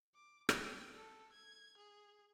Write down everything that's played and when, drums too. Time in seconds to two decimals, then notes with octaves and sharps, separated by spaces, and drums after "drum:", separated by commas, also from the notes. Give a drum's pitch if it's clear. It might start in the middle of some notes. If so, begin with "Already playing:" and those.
0.14 D6
0.49 G5, drum: rim click
0.95 A4
1.32 G#6
1.77 G#4